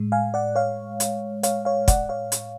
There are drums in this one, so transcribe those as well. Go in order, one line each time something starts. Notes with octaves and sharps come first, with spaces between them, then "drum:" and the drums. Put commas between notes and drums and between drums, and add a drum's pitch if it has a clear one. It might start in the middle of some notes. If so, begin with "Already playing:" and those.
Already playing: A2 G#3
F5 G#5
D5 F#5
C#5 F5
drum: hi-hat
C#5 F5, drum: hi-hat
C#5 F5
D5 F#5, drum: kick, hi-hat
C#5 F5
drum: hi-hat